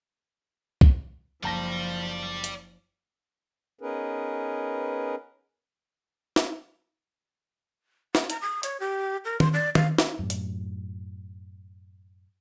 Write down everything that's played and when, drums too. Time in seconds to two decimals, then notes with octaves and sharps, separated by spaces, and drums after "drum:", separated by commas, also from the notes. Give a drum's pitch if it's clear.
0.81 drum: kick
1.43 F#1 F3 D5 G5 A5 A#6
2.44 drum: hi-hat
3.81 B3 C#4 D#4 G#4 A#4 B4
6.36 drum: snare
8.15 F#5, drum: snare
8.30 A#5, drum: hi-hat
8.42 D#6
8.63 C#5, drum: hi-hat
8.80 G4
9.25 A#4
9.40 C6, drum: tom D#3
9.53 D5
9.75 F5, drum: tom D#3
9.98 drum: snare
10.19 F#2 A2
10.30 drum: hi-hat